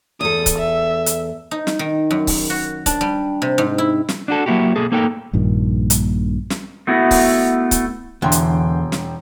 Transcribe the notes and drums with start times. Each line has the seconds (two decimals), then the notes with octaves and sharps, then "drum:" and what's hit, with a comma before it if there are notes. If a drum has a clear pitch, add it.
0.21 E2 A4 D#6
0.46 drum: kick C#1, hi-hat
0.58 E5
1.06 drum: hi-hat
1.51 D#4
1.67 drum: snare
1.79 D#3
2.11 F#2
2.27 drum: kick C#1, open hi-hat
2.50 F#4
2.86 D4, drum: kick C#1, hi-hat
3.01 G3
3.42 C3
3.58 G#2
3.78 E4
4.09 drum: snare
4.28 D4 F#4 A4
4.46 F#3 A#3 C4 E4 F#4 G4
4.76 B1 A#3 G#4 A4
4.92 A#3 D#4 A4 A#4 G5
5.33 A#1 G2 A#2 D#3
5.90 drum: hi-hat
6.50 drum: snare
6.87 A3 B3 E4 F#4
7.11 drum: kick C#1, open hi-hat
7.71 drum: kick C#1, hi-hat
8.22 E1 E2 D3 G5 C6
8.32 drum: hi-hat
8.92 drum: snare